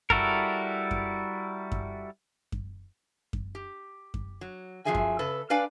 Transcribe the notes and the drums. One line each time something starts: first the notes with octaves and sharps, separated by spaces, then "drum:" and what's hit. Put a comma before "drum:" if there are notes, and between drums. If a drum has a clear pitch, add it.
G3 E4 F#4 A4 A#4, drum: kick F#2
drum: kick F#2
drum: kick F#2
drum: kick F#2
drum: kick F#2
G4
drum: kick F#2
F#3
F#2 F3 F#3 G#4 E5 G#5
drum: kick F#2
C#3 A4 B4
D4 B4 D5 F5 G#5